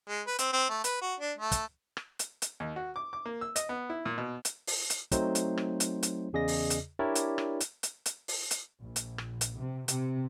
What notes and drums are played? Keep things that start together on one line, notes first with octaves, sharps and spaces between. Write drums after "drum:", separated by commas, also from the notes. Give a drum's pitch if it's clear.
G#3
B4
C4, drum: hi-hat
C4
A3
B4, drum: hi-hat
F#4
D4
A3
drum: kick, hi-hat
drum: rim click
drum: hi-hat
drum: hi-hat
D#2
F#4
D6
D6
A#3
E6
D#5, drum: hi-hat
B3
E4
A#2
B2
drum: hi-hat
drum: open hi-hat
drum: hi-hat
F#3 A3 C4 D#4 C5, drum: kick, hi-hat
drum: hi-hat
drum: rim click
drum: hi-hat
drum: hi-hat
E2 C#3 G#4 D5 D#5 A#6
drum: open hi-hat
drum: hi-hat
D4 E4 G4 A#4 C#5 D5
drum: hi-hat
drum: rim click
drum: hi-hat
drum: hi-hat
drum: hi-hat
drum: open hi-hat
drum: hi-hat
A#1
drum: hi-hat
drum: rim click
drum: hi-hat
C3
C3, drum: hi-hat